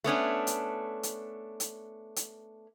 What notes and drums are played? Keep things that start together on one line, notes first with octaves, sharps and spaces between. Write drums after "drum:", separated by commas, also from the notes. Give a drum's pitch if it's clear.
A3 B3 C#4 D4
drum: hi-hat
drum: hi-hat
drum: hi-hat
drum: hi-hat